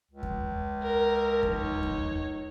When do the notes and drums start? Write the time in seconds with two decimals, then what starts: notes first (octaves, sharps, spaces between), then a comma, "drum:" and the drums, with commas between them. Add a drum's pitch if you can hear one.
0.11 C#2
0.23 drum: kick E2
0.83 A#4
1.43 drum: kick E2
1.52 D#4 C#5
1.83 drum: kick E2